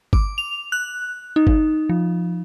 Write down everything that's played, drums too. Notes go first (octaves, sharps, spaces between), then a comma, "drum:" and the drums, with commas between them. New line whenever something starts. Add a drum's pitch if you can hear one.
D6, drum: kick G1
F7
F#6
D#4
drum: kick G1
F3